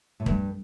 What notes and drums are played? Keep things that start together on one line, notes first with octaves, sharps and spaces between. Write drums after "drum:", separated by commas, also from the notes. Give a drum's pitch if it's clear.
A2
G2, drum: kick